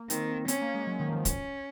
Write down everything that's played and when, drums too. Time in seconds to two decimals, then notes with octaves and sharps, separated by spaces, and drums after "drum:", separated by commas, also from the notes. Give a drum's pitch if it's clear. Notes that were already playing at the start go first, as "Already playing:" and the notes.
Already playing: A#3
0.10 D#3 C4, drum: hi-hat
0.29 C4
0.48 C4 C#4, drum: hi-hat
0.61 A#3
0.74 G#3
0.87 F#3
1.00 D#3
1.08 F3
1.12 D#3
1.25 C#4, drum: kick, hi-hat